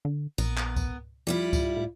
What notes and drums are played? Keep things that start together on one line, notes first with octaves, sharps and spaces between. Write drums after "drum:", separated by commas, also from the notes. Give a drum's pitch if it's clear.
D3
A#1 B3 A#4, drum: tambourine
drum: clap
drum: kick C#2, tambourine
F2 G3 E4 F4
drum: kick C#2, tambourine
A2